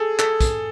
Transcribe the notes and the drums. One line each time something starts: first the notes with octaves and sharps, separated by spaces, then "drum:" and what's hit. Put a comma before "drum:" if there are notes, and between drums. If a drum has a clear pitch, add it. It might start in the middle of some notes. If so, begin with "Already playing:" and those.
Already playing: G#4 A4
A4, drum: clap
drum: kick, hi-hat